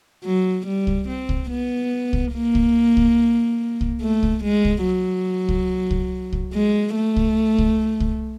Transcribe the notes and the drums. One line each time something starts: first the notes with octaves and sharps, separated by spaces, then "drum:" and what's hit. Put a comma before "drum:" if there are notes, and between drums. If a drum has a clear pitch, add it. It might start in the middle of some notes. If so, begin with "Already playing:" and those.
F#3
G3
drum: kick C2
C4
drum: kick C2
B3
drum: kick C2
A#3
drum: kick C2
drum: kick C2
drum: kick C2
A3
drum: kick C2
G#3
drum: kick C2
F#3
drum: kick C2
drum: kick C2
drum: kick C2
G#3
A3
drum: kick C2
drum: kick C2
drum: kick C2